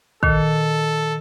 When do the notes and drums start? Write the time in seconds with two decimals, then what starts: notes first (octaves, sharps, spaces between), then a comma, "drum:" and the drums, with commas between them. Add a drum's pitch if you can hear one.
0.23 A#2 D#3 A4, drum: kick